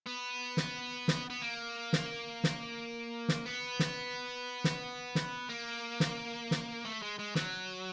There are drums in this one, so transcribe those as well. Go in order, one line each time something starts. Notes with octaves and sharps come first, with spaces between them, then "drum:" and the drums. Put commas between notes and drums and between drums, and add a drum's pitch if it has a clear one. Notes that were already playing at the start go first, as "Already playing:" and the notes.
B3
drum: snare
drum: snare
B3
A#3
drum: snare
drum: snare
drum: snare
B3
drum: snare
drum: snare
drum: snare
A#3
drum: snare
drum: snare
A3
G#3
G#3
F#3, drum: snare